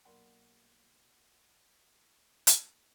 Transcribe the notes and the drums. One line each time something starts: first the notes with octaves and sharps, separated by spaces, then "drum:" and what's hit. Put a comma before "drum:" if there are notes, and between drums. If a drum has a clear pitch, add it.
B1 A#3 D5 F#5 B5 C6
drum: hi-hat